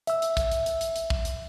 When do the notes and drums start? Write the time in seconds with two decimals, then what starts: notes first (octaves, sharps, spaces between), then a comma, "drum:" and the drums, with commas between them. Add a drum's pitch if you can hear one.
0.07 E5 E6, drum: hi-hat
0.22 drum: hi-hat
0.37 drum: kick, hi-hat
0.51 drum: hi-hat
0.66 drum: hi-hat
0.81 drum: hi-hat
0.96 drum: hi-hat
1.10 drum: kick
1.25 drum: hi-hat